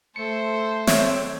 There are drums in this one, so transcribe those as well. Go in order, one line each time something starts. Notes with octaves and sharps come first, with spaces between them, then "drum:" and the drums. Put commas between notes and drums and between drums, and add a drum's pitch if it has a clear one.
A3 A4 C5 C#7
C4 C#5 E5, drum: snare